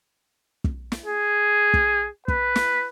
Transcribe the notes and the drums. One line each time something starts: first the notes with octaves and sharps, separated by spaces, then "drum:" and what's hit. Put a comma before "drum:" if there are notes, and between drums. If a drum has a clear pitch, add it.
drum: kick
drum: snare
G#4
drum: kick
B4, drum: kick
drum: snare